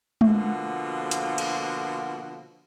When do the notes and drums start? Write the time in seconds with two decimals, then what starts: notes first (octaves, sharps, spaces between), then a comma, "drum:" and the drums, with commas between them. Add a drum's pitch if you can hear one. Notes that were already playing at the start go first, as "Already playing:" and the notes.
0.21 B2 D3 F3 A#3 F4 F#4, drum: tom G#3
1.11 drum: hi-hat
1.38 drum: cymbal